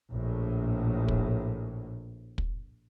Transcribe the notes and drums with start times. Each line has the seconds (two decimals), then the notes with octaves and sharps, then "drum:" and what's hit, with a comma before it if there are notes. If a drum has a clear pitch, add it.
0.11 A#1 A2
1.08 drum: kick
2.38 drum: kick